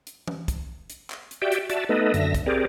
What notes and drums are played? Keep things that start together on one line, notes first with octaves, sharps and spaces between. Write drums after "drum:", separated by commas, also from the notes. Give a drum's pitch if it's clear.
drum: hi-hat
drum: tom
drum: kick, hi-hat
drum: hi-hat
drum: clap
drum: hi-hat
F#4 G4 D5 E5 G5
drum: hi-hat
F#4 D5 E5 A5, drum: hi-hat
A3 B3 D#4 A4 B4 D#5
F#2 D3 E5 A#6, drum: hi-hat
drum: kick, hi-hat
C4 G4 G#4 A#4 D5